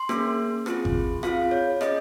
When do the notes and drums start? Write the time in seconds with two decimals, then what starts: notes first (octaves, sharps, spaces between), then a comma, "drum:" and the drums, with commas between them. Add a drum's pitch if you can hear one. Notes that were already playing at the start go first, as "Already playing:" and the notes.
Already playing: C6
0.09 A#3 C#4 G#4, drum: rim click
0.66 C4 F4 G#4, drum: rim click
0.85 drum: kick G#1
1.23 C4 F4 G#4 F5, drum: rim click
1.51 C#5
1.81 C#4 G#4 D#5, drum: rim click